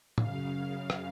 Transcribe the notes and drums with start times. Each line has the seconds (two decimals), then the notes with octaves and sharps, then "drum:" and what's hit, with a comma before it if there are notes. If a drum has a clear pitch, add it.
0.18 F#2 C#3 F5, drum: tom
0.54 F5
0.90 drum: rim click